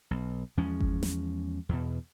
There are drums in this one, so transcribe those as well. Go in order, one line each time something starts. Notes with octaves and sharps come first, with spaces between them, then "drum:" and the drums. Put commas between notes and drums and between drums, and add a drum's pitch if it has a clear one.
B1
E2 F3 G#3 C#4
drum: kick G1
drum: snare
E2 B2